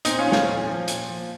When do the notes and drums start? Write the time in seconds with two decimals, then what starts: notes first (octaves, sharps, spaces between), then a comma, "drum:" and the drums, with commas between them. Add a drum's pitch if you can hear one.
0.05 A#2 C4 D#4, drum: hi-hat
0.19 C#4 F4
0.26 F3
0.32 C#4 F4, drum: snare
0.46 A#2
0.67 F3
0.88 A#2, drum: hi-hat
1.08 F3